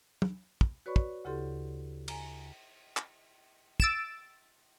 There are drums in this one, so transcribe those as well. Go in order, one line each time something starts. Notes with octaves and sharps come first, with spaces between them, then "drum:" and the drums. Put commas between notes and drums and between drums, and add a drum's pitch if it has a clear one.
drum: tom
drum: kick
F#4 B4 C#5 D5 B5 C#6
drum: kick
D2 C#3 E4 G4 A4 C6
G#5 A#5, drum: cymbal
drum: clap
E6 A6 D7 E7, drum: kick